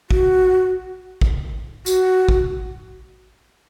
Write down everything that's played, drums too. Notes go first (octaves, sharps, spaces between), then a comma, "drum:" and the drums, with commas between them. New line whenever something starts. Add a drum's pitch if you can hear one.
F#4, drum: kick A1
drum: kick A1
F#4, drum: tambourine
drum: kick A1